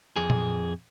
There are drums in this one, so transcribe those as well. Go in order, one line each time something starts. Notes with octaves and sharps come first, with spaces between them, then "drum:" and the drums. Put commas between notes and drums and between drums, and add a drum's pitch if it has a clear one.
F2 G#4
drum: tom A#2